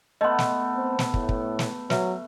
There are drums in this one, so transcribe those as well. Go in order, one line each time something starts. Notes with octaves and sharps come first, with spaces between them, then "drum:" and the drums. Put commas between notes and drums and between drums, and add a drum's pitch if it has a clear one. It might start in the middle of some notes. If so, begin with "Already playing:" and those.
A3 B3 D#5 C6
drum: snare
C4
drum: snare
A2, drum: kick
drum: kick
drum: snare
F#3 B4 E5, drum: snare